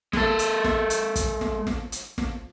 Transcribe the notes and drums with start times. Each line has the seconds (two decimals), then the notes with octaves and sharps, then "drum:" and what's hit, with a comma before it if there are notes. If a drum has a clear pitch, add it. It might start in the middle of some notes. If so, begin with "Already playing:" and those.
0.13 G#3 A4, drum: snare
0.39 drum: hi-hat
0.64 drum: snare
0.90 drum: hi-hat
1.16 drum: kick, hi-hat
1.41 drum: snare
1.67 drum: snare
1.92 drum: hi-hat
2.18 drum: snare